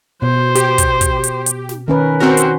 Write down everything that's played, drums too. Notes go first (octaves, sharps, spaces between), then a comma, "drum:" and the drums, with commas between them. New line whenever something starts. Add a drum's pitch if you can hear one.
B2 C5
G4, drum: hi-hat
drum: kick, hi-hat
drum: kick, hi-hat
drum: hi-hat
drum: hi-hat
drum: snare
D#3 C#4 A#4 B4
C4 F#4 A#4 C5
drum: hi-hat